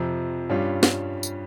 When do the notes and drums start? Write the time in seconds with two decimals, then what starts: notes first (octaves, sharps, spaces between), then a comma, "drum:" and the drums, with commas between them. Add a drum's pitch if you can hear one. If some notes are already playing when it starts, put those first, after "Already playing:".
Already playing: F2 C3 F3
0.49 G2 G3 C#4 F4
0.83 drum: snare
1.23 drum: tambourine